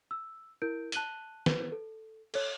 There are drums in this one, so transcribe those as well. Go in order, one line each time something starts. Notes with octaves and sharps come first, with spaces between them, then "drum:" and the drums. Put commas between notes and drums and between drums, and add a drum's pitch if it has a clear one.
E6
E4 A#4 G6 D7
A5 F#6 D#7 F#7 G7, drum: hi-hat
B4, drum: snare
A4
A4 C#5, drum: cymbal